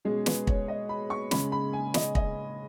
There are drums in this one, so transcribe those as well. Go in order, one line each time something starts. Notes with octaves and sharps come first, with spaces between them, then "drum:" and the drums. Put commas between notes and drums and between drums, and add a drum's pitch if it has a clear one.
B2 G#3 C#4 G#4
B4, drum: snare
C#5, drum: kick
D#5
B5
C#6
C#3 G#3 C#4 B5, drum: snare
B5
G#5
D#5, drum: snare
D#5, drum: kick